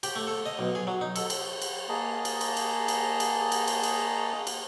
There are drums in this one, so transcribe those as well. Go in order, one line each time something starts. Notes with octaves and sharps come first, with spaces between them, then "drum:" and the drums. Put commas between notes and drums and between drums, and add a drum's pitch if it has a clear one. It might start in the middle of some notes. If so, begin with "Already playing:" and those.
G4, drum: cymbal
A3
A4
D#5
B1
G#4
F#3
D#4
A4, drum: cymbal
drum: cymbal
drum: cymbal
A#3 G#4 D#5 A5 A#5
drum: cymbal
drum: cymbal
drum: cymbal
drum: cymbal
drum: cymbal
drum: cymbal
drum: cymbal
drum: cymbal
drum: cymbal